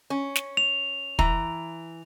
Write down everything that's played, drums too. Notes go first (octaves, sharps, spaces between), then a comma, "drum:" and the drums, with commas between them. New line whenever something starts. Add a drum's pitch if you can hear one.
C#4
drum: snare
F7
E3 A#5, drum: kick